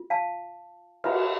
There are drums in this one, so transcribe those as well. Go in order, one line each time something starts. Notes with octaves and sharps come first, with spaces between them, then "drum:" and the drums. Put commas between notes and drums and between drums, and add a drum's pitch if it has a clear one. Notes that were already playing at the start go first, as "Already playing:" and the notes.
Already playing: F4
F5 A5
F4 B4, drum: cymbal